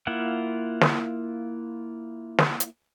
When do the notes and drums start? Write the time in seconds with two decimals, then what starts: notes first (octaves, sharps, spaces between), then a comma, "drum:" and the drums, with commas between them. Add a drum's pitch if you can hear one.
0.07 A#3 E4 F4 F#5
0.81 drum: snare
2.38 drum: snare
2.60 drum: hi-hat